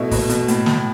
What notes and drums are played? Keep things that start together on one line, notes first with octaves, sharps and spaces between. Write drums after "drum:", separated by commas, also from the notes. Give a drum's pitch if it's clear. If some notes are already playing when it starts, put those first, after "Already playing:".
Already playing: B2 A3 E4
B2, drum: kick, open hi-hat
B2, drum: hi-hat
A2, drum: hi-hat
A2, drum: snare